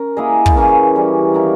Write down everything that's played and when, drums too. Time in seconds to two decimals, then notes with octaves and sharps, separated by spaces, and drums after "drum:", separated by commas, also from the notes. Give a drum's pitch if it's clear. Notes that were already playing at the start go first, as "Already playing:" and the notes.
Already playing: C#4 A#4
0.17 A#3 E4 G#4 D#5
0.46 drum: kick
0.56 C#3 E3 A#3 C#4
0.96 E3 G3 C#4
1.34 D#3 A#3 E4 A#4